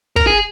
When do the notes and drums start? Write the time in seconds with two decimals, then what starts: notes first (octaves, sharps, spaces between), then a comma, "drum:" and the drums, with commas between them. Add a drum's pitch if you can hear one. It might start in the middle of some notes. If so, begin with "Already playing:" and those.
0.16 A#4, drum: kick
0.27 G#4